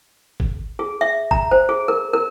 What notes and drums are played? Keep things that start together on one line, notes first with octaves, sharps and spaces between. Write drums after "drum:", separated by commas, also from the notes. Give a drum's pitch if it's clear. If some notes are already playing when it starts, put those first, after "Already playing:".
drum: kick
G#4
E5
A#5, drum: kick
C5
G#4
A#4
A#4